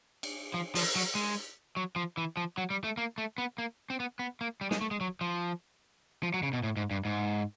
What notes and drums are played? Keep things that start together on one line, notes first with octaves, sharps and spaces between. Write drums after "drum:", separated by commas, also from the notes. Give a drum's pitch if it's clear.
drum: cymbal
F3
F3, drum: open hi-hat
F#3
G#3
F#3
F3
E3
F3
F#3
G3
A3
A#3
A3
B3
A#3
C4
B3
B3
A#3
G3
G#3, drum: snare
A3
G#3
F#3
F3
F3
F#3
C#3
B2
A2
G#2
G2
G#2